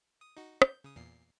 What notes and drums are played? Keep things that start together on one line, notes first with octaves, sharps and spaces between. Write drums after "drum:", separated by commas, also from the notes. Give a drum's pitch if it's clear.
D#6
D#4 F#4
G6, drum: rim click
C#3 D#6
E2 A#2 C7